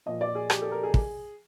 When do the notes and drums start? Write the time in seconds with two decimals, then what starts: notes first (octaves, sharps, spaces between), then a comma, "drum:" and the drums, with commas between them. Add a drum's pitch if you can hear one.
0.06 A#2 F3 D#5
0.21 D5
0.35 G#4
0.50 G4, drum: rim click
0.62 A4
0.72 A#4
0.83 G#4
0.94 drum: kick